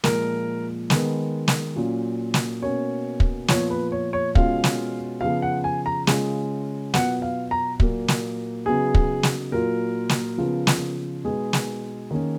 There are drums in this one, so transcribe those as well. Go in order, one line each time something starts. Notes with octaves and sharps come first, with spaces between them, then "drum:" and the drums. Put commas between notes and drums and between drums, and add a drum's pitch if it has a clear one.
A#2 F3 G#3 A#4, drum: snare
D#3 G#3 B3, drum: snare
drum: snare
A#2 F#3 C#4 F4
drum: snare
B2 A#3 C#4 C#5
drum: kick
A#2 F3 B3 C#5, drum: snare
B4
C#5
C#5
B2 G#3 C#4 F4 F5, drum: kick
drum: snare
C#3 F3 B3 F4 F5
F#5
G#5
A#5
C#3 G#3 C#4 F4, drum: snare
B2 F#3 B3 F4 F#5, drum: snare
F5
A#5
A#2 F#3 A#3, drum: kick
drum: snare
C#3 F#3 B3 D#4 G#4
drum: kick
drum: snare
A#2 F#3 A#3 F4 A#4
drum: snare
C#3 F3 B3 F4
drum: snare
B2 G#3 B3 D#4 G#4
drum: snare
D#3 A#3 C#4